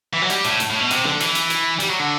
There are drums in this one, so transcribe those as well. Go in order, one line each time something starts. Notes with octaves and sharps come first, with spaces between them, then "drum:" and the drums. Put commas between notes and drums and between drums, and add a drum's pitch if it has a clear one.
E3
F#3
G3, drum: hi-hat
A2, drum: hi-hat
drum: hi-hat
A2
B2
C3, drum: hi-hat
D3, drum: snare
E3, drum: hi-hat
drum: hi-hat
drum: hi-hat
G3, drum: hi-hat
F#3
D3